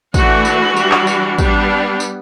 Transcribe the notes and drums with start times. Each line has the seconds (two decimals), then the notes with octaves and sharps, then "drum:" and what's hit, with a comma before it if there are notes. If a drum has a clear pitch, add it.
0.14 E3 A3 D4 F#4, drum: kick, tambourine
0.45 drum: tambourine
0.77 E3 G3 D4, drum: tambourine
0.91 drum: clap
1.07 drum: tambourine
1.38 G3 B3 D4, drum: kick, tambourine
2.00 drum: tambourine